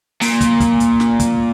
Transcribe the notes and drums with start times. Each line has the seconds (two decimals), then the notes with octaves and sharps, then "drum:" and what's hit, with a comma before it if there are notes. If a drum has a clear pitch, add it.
0.21 A#2, drum: open hi-hat
0.41 drum: kick, hi-hat
0.60 drum: kick, hi-hat
0.80 drum: hi-hat
1.00 drum: snare
1.20 drum: kick, hi-hat